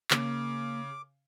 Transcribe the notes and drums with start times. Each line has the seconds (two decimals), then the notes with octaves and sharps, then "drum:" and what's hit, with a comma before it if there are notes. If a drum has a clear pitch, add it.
0.11 C#3 A#3 D6, drum: clap